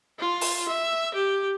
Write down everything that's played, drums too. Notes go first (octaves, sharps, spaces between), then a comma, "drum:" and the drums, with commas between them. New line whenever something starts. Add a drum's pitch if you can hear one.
F4
drum: open hi-hat
E5
G4